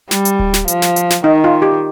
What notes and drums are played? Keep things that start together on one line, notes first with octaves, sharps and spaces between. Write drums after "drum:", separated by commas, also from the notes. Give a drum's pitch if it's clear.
G3, drum: snare
drum: hi-hat
drum: kick D1
drum: snare
F3, drum: hi-hat
drum: snare
drum: hi-hat
drum: snare
D#3 D#4
F4
G4